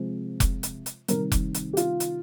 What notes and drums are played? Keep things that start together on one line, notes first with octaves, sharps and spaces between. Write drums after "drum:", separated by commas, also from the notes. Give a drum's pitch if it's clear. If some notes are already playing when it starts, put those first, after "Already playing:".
Already playing: C3 F3 G#3
drum: kick F1, hi-hat
drum: hi-hat
drum: hi-hat
C3 D#3 G3 A#4, drum: hi-hat
drum: kick F1, hi-hat
drum: hi-hat
G4
F4, drum: hi-hat
drum: hi-hat